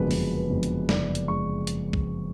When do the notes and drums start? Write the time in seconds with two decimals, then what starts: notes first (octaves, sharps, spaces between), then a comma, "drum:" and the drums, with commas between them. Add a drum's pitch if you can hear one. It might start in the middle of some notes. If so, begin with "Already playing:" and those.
Already playing: F#1 F2 D3 G#3 B3 B4
0.11 F#1, drum: open hi-hat
0.37 B4
0.50 F2 D3 G#3 B3
0.63 drum: hi-hat
0.89 F#1 D5, drum: snare
1.15 drum: hi-hat
1.28 G#3 C#6
1.67 drum: hi-hat
1.93 drum: kick